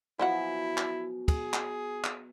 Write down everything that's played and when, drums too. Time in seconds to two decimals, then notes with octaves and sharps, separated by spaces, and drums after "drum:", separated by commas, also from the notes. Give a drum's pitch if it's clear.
0.19 B2 F3 F#3 E4 F#4 F#5 G#5
0.77 drum: clap
1.28 G#4, drum: kick, cymbal
1.53 drum: clap
2.04 drum: clap